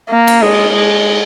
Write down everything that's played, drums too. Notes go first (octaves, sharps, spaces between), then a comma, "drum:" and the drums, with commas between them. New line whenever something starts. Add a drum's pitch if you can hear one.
A#3
drum: cymbal
G#3, drum: cymbal
G#3